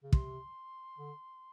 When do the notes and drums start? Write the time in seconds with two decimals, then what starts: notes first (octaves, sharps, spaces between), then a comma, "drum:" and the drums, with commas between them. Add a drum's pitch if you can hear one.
0.03 C#3
0.13 C3 C6, drum: kick
0.98 D3